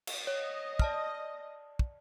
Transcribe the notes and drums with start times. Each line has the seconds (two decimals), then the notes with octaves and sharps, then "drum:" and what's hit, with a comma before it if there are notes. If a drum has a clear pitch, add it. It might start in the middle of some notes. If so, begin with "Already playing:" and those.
0.07 drum: cymbal
0.27 C#5 D#5
0.79 D5 A5 F6, drum: kick
1.79 drum: kick